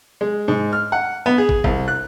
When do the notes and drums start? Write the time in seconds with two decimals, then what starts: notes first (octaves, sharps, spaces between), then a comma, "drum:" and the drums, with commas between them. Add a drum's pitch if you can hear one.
0.21 G#3
0.48 G#2
0.73 F6
0.92 F#5
1.26 B3
1.38 G#4
1.49 drum: kick
1.64 C2, drum: kick
1.88 F#6